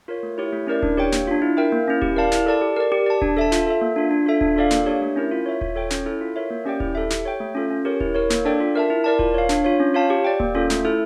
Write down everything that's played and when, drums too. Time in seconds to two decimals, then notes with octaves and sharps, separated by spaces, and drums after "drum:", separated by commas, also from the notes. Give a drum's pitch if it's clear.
0.08 F4 A#4 C#5
0.23 A3
0.38 E4 G4 C#5
0.53 A3
0.67 C#4 E4 A#4 D5
0.82 D4, drum: kick D#1
0.97 G4 C#5 G5
1.12 A#3, drum: snare
1.28 D4 F4
1.42 E4
1.57 A#4 E5 G5
1.72 A#3
1.88 C#4 E4
2.02 G4, drum: kick D#1
2.16 A#4 D5 F5 A5
2.32 E4, drum: snare
2.46 A4 D5 A5
2.61 G4
2.76 A#4 D5
2.92 G4
3.06 D5 A5
3.21 D4, drum: kick D#1
3.37 A4 E5 A5
3.52 F4, drum: snare
3.67 A4 E5
3.81 A#3
3.96 D4 F4
4.11 D4
4.26 F4 A4 E5
4.41 D4, drum: kick D#1
4.56 F4 A4 D5 F5
4.71 A#3, drum: snare
4.86 D4 G4 C#5
5.02 A3
5.16 C#4 E4 A#4
5.31 F4
5.46 C#5 E5
5.61 F4, drum: kick D#1
5.76 A4 C#5 G5
5.90 C#4, drum: snare
6.06 E4 A4
6.21 F4
6.36 A#4 C#5 E5
6.50 A#3
6.65 C#4 G4 D5 G5
6.80 E4, drum: kick D#1
6.95 A4 E5
7.10 G4, drum: snare
7.25 C#5 G5
7.40 A3
7.55 C#4 F4 A4
7.70 C#4
7.85 G4 A#4 C#5
8.00 E4, drum: kick D#1
8.15 A#4 C#5
8.30 A#3, drum: snare
8.45 D4 A4 D5 G5
8.60 F4
8.75 A#4 E5 A5
8.90 E4
9.04 A#4 D5 A5
9.19 F4, drum: kick D#1
9.34 C#5 F5
9.49 D4, drum: snare
9.64 F4 C#5
9.80 C#4
9.94 F4 C#5 F5 A5
10.10 G4
10.25 D5 G5
10.40 A#3, drum: kick D#1
10.55 C#4 F4 A4
10.70 A3, drum: snare
10.85 E4 A4